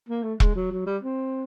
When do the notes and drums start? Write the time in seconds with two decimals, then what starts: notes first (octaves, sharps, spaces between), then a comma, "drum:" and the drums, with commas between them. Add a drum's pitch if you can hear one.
0.09 A#3
0.23 A3
0.40 G#3, drum: kick E1
0.55 F#3
0.72 F#3
0.86 G3
1.03 C4